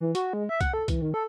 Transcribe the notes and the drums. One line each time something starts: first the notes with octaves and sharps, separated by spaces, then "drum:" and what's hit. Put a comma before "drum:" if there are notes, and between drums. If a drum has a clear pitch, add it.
E3
F#4, drum: hi-hat
G#3
E5
F#5, drum: kick C2, hi-hat
A4
E3, drum: kick C2, hi-hat
D#3
A4